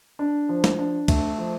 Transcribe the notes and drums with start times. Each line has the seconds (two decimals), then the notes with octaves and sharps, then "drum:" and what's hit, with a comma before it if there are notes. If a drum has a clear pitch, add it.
0.19 D4
0.49 F3
0.64 drum: snare
0.79 D4
1.08 A3, drum: kick, cymbal
1.38 F3